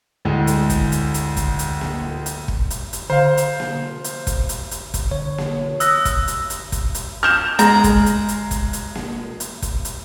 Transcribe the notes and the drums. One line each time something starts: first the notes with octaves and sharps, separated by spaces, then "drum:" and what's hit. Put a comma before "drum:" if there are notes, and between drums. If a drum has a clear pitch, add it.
D2 A2 G#3
drum: hi-hat
drum: kick, hi-hat
drum: hi-hat
drum: hi-hat
drum: kick, hi-hat
drum: hi-hat
drum: snare A#3
drum: hi-hat
drum: kick
drum: hi-hat
drum: hi-hat
D3 C5 F5
drum: hi-hat
drum: snare A#3
drum: hi-hat
drum: kick, hi-hat
drum: hi-hat
drum: hi-hat
drum: kick, hi-hat
D3 C#5
drum: snare A#3
D#6 E6 F#6 A#6, drum: hi-hat
drum: kick, hi-hat
drum: hi-hat
drum: hi-hat
drum: kick, hi-hat
drum: hi-hat
F6 G6 E7
G#3 A#5, drum: hi-hat
drum: kick, hi-hat
drum: hi-hat
drum: hi-hat
drum: kick, hi-hat
drum: hi-hat
drum: snare A#3
drum: hi-hat
drum: kick, hi-hat
drum: hi-hat